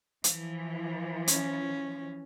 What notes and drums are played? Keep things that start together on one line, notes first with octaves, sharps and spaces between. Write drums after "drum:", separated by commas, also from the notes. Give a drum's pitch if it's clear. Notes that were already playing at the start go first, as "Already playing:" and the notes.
E3 F3, drum: hi-hat
C#4, drum: hi-hat